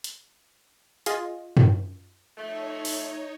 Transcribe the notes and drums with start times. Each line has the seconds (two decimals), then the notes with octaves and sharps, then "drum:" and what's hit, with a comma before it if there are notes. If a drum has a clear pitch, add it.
0.04 drum: hi-hat
1.06 F4 G#4 D#5, drum: hi-hat
1.57 drum: tom
2.37 F3 A3 D#4 C#5
2.85 drum: open hi-hat